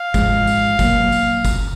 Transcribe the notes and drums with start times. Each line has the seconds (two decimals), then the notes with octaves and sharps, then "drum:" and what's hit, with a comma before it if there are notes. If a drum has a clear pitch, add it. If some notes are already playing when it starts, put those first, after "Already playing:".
Already playing: F5
0.14 G#2 F3 G#3, drum: kick F#1, tambourine
0.47 drum: tambourine
0.79 B2 F#3 A#3, drum: kick F#1, tambourine
1.12 drum: tambourine
1.45 drum: kick F#1, tambourine